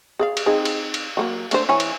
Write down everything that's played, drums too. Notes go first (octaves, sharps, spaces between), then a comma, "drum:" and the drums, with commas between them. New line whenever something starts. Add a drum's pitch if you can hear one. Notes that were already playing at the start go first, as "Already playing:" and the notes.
G#4 D5 F5
drum: cymbal
C4 D#4 G#4
drum: cymbal
drum: cymbal
F#3 A3 A#3
A3 D4 C5, drum: cymbal
E3 C#5 G#5
drum: cymbal